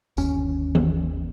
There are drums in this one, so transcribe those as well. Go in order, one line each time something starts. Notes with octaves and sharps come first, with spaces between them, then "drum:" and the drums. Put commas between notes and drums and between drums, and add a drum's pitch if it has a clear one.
G1 D#2 C#4, drum: tambourine
drum: tom D#3